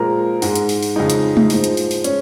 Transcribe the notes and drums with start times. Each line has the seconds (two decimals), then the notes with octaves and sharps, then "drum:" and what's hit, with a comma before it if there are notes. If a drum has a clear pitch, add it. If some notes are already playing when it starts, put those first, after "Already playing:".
Already playing: A#2 F3 G#3 A#4
0.42 G#2 G#3, drum: open hi-hat
0.55 drum: hi-hat
0.69 drum: open hi-hat
0.83 drum: open hi-hat
0.96 F2 C#3 G#3 D#4
1.10 drum: hi-hat
1.37 drum: tom G#3
1.50 G#2 F3 G#3, drum: open hi-hat
1.64 drum: hi-hat
1.77 drum: open hi-hat
1.91 drum: open hi-hat
2.04 G#3 C#4, drum: hi-hat